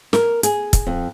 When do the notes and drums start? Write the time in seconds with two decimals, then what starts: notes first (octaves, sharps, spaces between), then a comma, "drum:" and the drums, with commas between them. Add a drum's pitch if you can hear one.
0.13 A#4, drum: snare
0.43 G#4, drum: hi-hat
0.73 drum: kick, hi-hat
0.87 F2